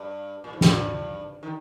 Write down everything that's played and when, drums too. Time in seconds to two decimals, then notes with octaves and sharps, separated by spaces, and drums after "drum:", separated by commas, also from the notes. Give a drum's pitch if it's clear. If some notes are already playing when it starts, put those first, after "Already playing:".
Already playing: G2
0.44 A#2
0.53 G#2
0.61 G2, drum: snare
1.43 D#3